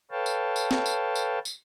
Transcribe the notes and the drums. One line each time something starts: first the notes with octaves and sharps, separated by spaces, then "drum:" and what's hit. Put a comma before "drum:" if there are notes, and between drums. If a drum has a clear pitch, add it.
A4 B4 C#5 F5 G5 A5
drum: tambourine
drum: tambourine
drum: snare
drum: tambourine
drum: tambourine
drum: tambourine